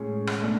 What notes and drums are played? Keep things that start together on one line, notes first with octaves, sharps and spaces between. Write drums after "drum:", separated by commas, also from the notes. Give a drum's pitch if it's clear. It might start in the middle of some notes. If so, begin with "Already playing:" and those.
Already playing: A2 G#3 C#4 G#4
drum: rim click
B2 A3 D4